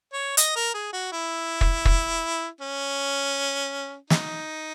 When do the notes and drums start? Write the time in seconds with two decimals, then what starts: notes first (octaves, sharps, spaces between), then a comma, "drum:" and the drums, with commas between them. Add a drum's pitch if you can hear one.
0.13 C#5
0.37 D#5, drum: hi-hat
0.56 A#4
0.74 G#4
0.93 F#4
1.12 E4
1.61 drum: kick
1.85 drum: kick
2.61 C#4
4.10 D#4, drum: snare